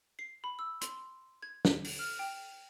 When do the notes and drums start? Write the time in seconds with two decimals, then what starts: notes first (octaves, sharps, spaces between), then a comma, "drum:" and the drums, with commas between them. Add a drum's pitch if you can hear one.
0.19 C7
0.44 B5
0.59 E6
0.81 C6, drum: hi-hat
1.43 G#6
1.65 drum: snare
1.84 drum: open hi-hat
1.99 F6
2.19 G5